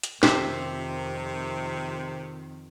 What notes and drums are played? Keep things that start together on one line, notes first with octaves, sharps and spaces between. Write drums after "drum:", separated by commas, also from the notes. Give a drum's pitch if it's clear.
drum: hi-hat
F2 C3 D#3 G4 C5 E5, drum: snare